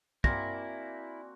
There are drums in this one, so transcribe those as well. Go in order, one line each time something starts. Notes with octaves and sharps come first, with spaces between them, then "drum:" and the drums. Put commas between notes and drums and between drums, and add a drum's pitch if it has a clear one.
A#3 C4 E4 F#4 D5 G#5 A#6, drum: kick